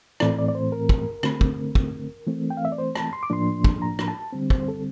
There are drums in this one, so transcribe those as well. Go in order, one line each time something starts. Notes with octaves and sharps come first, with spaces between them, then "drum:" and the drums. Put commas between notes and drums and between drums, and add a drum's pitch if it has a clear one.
A2 E3 A3 C4 D5, drum: rim click
D5
D5
C5
A#4
drum: kick
D3 A3 C4, drum: rim click
drum: kick
drum: kick
E3 A3 C4
G5
F5
E5
D5
C5
A5, drum: rim click
C6
D6
A2 F3 A#3 D4 C6
drum: kick
A#5
drum: rim click
A5
D3 G3 C4
C5, drum: kick
A4